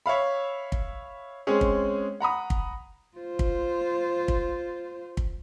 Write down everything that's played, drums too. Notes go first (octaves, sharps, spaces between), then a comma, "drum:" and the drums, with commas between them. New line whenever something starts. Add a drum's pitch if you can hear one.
C#5 E5 F5 B5
drum: kick
G#3 C4 C#4 G#4
drum: kick
F#5 A#5 B5 D#6
drum: kick
F4 C5
drum: kick
drum: kick
drum: kick